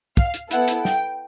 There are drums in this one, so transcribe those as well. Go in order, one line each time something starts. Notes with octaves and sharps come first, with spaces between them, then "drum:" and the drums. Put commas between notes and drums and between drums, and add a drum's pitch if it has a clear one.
F5, drum: kick
drum: hi-hat
B3 E4 A4 F#5, drum: hi-hat
drum: hi-hat
G5, drum: snare